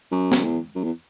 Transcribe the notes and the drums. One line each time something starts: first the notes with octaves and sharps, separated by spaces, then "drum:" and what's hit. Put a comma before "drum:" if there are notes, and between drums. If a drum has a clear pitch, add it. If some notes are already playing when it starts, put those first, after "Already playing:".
F#2
drum: snare
E2
F#2
E2